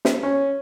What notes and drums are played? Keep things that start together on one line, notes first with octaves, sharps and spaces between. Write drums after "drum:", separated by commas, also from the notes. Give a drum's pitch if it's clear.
drum: snare
C#4